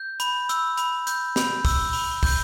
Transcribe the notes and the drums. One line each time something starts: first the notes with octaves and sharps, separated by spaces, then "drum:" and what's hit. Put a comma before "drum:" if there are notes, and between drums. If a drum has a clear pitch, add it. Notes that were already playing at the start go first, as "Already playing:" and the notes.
Already playing: G6
B5, drum: hi-hat
E6, drum: hi-hat
B5, drum: hi-hat
G6, drum: hi-hat
B5, drum: snare
E6, drum: kick, open hi-hat
B5, drum: open hi-hat
G6, drum: kick, open hi-hat